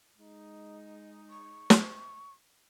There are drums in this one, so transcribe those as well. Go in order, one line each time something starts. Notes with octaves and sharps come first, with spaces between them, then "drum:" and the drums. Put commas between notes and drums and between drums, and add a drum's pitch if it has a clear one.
G#3 D#4
C#6
drum: snare